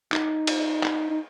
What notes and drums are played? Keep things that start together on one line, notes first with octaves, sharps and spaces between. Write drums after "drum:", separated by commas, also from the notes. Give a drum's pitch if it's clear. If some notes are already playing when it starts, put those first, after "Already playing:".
D#4, drum: clap
drum: cymbal
drum: clap
D#4